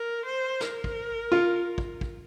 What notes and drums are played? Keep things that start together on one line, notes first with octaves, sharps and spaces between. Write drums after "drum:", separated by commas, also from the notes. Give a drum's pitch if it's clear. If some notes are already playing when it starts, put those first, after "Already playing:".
Already playing: A#4
C5
A#4, drum: snare
drum: kick
F4
drum: kick
drum: kick